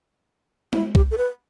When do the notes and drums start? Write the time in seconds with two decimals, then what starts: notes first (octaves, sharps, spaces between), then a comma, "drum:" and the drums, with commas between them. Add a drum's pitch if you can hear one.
0.73 E4, drum: tom G#3
0.95 G4, drum: kick
1.11 A4
1.18 B4